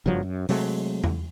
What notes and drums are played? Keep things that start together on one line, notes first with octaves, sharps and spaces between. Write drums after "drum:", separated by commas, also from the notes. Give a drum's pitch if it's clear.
F#1 G2 F3 F#3
F#2
C3 F#3 G#3 A3, drum: open hi-hat
drum: tom E2